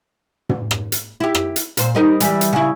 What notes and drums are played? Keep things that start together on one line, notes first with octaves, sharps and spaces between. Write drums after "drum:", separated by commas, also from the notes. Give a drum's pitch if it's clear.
drum: tom
drum: rim click
drum: hi-hat
E4 G4
drum: rim click
drum: hi-hat
A#2 C5, drum: hi-hat
G3 D#4 A#4
E3 G3, drum: hi-hat
drum: hi-hat
C#3 E4